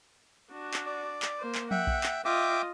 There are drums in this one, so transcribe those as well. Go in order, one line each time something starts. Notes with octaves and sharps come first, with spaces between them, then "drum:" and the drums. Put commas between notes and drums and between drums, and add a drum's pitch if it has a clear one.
D4 F#4
drum: clap
D5
drum: clap
A#3 C5
drum: clap
E5 F#5 G5, drum: tom F3
drum: kick A#1
drum: clap
F4 D#5 E5 G5 D6